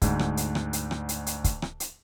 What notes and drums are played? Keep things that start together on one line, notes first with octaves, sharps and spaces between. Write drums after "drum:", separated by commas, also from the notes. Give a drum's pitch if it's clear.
D2 G#2, drum: kick, hi-hat
drum: rim click
drum: hi-hat
drum: rim click
drum: hi-hat
drum: rim click
drum: hi-hat
drum: hi-hat
drum: kick, hi-hat
drum: rim click
drum: hi-hat